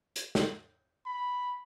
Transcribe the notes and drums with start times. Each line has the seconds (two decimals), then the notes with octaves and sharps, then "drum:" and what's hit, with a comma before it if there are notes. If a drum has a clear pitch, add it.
0.16 drum: hi-hat
0.35 drum: snare
1.06 B5